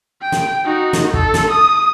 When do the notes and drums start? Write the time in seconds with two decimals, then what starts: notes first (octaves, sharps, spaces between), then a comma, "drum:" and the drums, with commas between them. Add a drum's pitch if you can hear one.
0.22 G5
0.32 drum: snare
0.65 D#4 F#4
0.93 drum: snare
1.13 A4, drum: kick
1.34 drum: snare
1.51 D#6